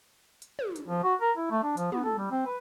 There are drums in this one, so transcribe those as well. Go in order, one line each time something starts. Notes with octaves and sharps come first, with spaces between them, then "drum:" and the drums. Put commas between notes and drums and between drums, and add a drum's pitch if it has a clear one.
drum: hi-hat
drum: tom
drum: hi-hat
F3
F#4
A#4
E4
A3
D4
F3, drum: hi-hat
B3, drum: tom
A4
G3
C4
B4